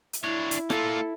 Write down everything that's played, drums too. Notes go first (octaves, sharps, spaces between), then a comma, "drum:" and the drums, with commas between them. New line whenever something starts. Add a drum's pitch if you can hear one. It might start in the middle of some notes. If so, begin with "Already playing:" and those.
drum: hi-hat
D4 E4 C#5
drum: hi-hat
A#3 F4 A4, drum: rim click